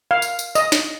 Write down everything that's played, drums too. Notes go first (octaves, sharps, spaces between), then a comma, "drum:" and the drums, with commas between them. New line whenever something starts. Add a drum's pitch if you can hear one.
F5
drum: tambourine
drum: tambourine
D#5, drum: tambourine
drum: snare